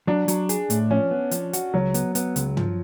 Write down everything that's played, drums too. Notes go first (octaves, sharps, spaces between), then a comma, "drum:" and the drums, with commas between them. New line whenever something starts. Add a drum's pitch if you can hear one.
F#3 D4
F#3, drum: hi-hat
G#4, drum: hi-hat
A2, drum: hi-hat
F3 C#4
B3
F3, drum: hi-hat
F#4, drum: hi-hat
C#2 F#3
B3, drum: hi-hat
B3, drum: hi-hat
C#2, drum: hi-hat
F3, drum: tom